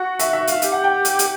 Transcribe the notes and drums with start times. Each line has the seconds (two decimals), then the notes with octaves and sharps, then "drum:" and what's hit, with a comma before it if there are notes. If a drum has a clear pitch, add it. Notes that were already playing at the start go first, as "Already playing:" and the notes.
Already playing: F#4 F#5
0.19 E5, drum: hi-hat
0.33 E5
0.47 F5, drum: hi-hat
0.62 G4 E5, drum: hi-hat
0.72 F#5
0.84 G5
1.05 drum: hi-hat
1.19 drum: hi-hat